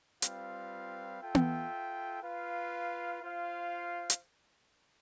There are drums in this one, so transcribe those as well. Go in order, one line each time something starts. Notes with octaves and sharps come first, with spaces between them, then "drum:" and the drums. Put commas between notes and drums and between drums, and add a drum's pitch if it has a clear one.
G3 C4 F4 B4 F5, drum: hi-hat
F4 A4 E5 G5
drum: tom B3
F4 B4 F5
F4 C5 F5
drum: hi-hat